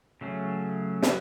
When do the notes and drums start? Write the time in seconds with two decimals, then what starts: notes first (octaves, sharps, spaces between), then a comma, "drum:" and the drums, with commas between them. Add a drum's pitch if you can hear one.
0.21 C#3 F#3 A3 C#4
1.03 C#3 F#3, drum: snare